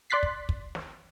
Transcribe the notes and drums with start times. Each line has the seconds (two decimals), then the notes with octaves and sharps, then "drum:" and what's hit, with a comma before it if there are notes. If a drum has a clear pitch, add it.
0.10 D5 C6 F#6 A6 B6 C7
0.23 drum: kick
0.49 drum: kick
0.75 drum: snare